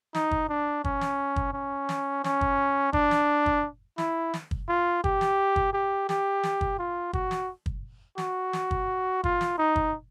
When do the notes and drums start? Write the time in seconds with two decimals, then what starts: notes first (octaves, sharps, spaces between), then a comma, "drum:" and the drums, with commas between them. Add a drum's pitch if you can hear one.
0.14 D#4, drum: snare
0.31 drum: kick
0.49 D4
0.84 C#4, drum: kick
1.01 drum: snare
1.36 drum: kick
1.54 C#4
1.89 drum: snare
2.24 C#4, drum: snare
2.41 drum: kick
2.93 D4, drum: kick
3.11 drum: snare
3.46 drum: kick
3.98 E4, drum: snare
4.34 drum: snare
4.51 drum: kick
4.69 F4
5.04 G4, drum: kick
5.21 drum: snare
5.56 drum: kick
5.73 G4
6.09 G4, drum: snare
6.43 drum: snare
6.61 drum: kick
6.79 F4
7.13 F#4, drum: kick
7.31 drum: snare
7.66 drum: kick
8.18 F#4, drum: snare
8.53 drum: snare
8.71 drum: kick
9.24 F4, drum: kick
9.41 drum: snare
9.58 D#4
9.76 drum: kick